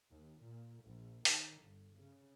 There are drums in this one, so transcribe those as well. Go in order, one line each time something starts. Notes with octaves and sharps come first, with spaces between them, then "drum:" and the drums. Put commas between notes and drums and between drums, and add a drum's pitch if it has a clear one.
D#2
A#2
A#1
D#3, drum: open hi-hat
G1
C#3